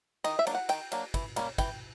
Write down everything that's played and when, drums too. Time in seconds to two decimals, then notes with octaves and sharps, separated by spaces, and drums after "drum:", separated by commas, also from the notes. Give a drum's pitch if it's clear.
0.24 D#3 D#5, drum: cymbal
0.39 E5
0.47 F#3 A#3 D4, drum: cymbal
0.55 F#5
0.69 D#3 G5, drum: cymbal
0.92 F#3 A#3 D4, drum: cymbal
1.14 E3, drum: kick, cymbal
1.36 G3 A#3 C#4, drum: cymbal
1.58 E3 G5, drum: kick, cymbal